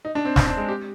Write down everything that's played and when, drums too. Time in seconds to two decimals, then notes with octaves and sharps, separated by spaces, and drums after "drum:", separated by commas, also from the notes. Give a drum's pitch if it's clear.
0.05 D#4
0.15 D4
0.25 C4
0.36 C4, drum: snare
0.47 D4
0.57 G#3
0.68 G4